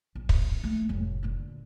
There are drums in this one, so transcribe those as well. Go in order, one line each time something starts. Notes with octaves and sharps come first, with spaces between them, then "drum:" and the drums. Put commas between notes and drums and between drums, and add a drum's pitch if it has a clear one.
A#1
drum: kick
A3 A#3
F1 A2
A#2 D3